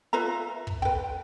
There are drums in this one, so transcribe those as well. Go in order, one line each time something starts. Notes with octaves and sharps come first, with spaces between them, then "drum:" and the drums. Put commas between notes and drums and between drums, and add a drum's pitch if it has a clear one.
F4 B4 E5 A#5
drum: kick
B4 G5, drum: kick